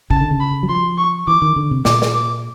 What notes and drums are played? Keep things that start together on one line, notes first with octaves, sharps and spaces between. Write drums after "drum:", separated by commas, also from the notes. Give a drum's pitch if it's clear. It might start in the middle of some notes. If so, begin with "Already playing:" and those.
C#3 A5, drum: kick
D3
C#3
B5
F#3
F3 C6
C#6
E3 D6
D#3
D3
C3
A#2 D6, drum: snare
drum: snare
D6